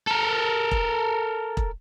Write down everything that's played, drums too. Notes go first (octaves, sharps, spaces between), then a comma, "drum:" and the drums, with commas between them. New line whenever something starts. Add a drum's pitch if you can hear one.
A4 A#4
drum: kick E1
drum: kick E1